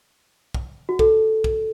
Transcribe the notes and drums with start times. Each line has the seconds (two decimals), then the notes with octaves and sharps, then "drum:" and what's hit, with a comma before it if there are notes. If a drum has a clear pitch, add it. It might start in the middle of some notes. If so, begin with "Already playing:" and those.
0.54 drum: kick
0.89 F#4
0.99 A4, drum: kick
1.44 drum: kick